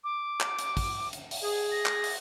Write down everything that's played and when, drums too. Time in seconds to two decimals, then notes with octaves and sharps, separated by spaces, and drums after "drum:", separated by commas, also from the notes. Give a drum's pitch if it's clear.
0.04 D6
0.40 drum: clap
0.59 drum: hi-hat
0.77 drum: kick, open hi-hat
1.13 drum: hi-hat
1.31 drum: open hi-hat
1.43 G#4
1.72 A#6
1.86 drum: clap
2.04 drum: open hi-hat